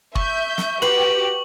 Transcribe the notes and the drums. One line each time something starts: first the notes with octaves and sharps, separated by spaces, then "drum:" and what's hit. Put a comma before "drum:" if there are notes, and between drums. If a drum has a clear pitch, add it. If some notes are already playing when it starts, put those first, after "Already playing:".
E5 C#6 G6, drum: kick
drum: snare
F#4 G4 B4 C5 F#7